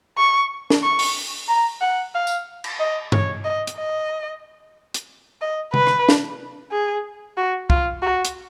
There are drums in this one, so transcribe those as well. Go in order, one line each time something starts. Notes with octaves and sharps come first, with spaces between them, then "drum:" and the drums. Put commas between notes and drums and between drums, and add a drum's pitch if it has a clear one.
C#6
drum: snare
C#6
drum: open hi-hat
A#5
F#5
F5
drum: tambourine
drum: cymbal
D#5
C#5, drum: tom G2
D#5
drum: hi-hat
D#5
drum: hi-hat
D#5
B4, drum: tom C3
drum: rim click
drum: snare
G#4
F#4
F4, drum: kick
F#4
drum: hi-hat